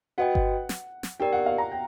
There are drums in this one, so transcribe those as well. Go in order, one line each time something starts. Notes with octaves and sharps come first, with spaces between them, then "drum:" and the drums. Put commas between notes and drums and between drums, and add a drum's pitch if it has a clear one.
F#4 B4 D#5 F#5 G5
drum: kick G1
drum: snare
drum: snare
D#4 G4 A#4 D5 G5
F#5
F5
A#5
G5